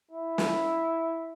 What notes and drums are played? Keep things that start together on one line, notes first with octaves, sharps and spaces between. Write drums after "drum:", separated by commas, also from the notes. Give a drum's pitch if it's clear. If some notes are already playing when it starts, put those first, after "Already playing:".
E4
drum: snare